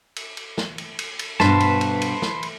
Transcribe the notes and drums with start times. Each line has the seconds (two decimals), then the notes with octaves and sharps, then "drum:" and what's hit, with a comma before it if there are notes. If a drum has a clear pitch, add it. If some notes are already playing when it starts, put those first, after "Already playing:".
0.16 drum: cymbal
0.37 drum: cymbal
0.58 drum: snare
0.78 drum: cymbal
0.99 drum: cymbal
1.19 drum: cymbal
1.40 G2 B2 B4 C5 A5, drum: snare
1.60 drum: cymbal
1.81 drum: cymbal
2.02 drum: cymbal
2.22 drum: snare
2.43 drum: cymbal